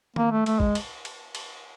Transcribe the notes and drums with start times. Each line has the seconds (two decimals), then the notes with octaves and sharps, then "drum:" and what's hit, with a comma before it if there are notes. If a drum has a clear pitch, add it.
0.16 A#3, drum: tom
0.31 A3
0.46 A3, drum: cymbal
0.60 G#3, drum: kick
0.75 drum: cymbal
1.05 drum: cymbal
1.35 drum: cymbal